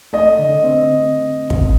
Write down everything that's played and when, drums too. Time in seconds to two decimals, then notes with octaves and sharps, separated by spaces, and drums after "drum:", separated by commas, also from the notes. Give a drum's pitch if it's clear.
0.13 A3 D#5
0.39 D3
0.64 C4
1.50 drum: kick